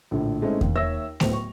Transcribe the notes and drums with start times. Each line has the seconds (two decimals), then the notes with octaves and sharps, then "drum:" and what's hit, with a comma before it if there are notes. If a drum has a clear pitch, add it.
0.11 A#1 A2 D3
0.42 G#3 A3 C4 C#4 D#4 E4
0.61 D#2, drum: kick E2
0.75 D#2 C#5 E5 E6 A#6
1.20 D1 A2 B3 C5 F7, drum: snare A3
1.33 C#6